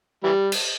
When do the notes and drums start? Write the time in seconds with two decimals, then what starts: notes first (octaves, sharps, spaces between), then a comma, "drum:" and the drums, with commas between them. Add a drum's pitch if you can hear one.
0.24 E3 G3
0.52 drum: cymbal